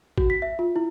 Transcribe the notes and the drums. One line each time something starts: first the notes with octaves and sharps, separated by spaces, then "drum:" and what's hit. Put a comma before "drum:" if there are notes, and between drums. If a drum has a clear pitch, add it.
F#4, drum: kick G#1
B6
E5
F4
E4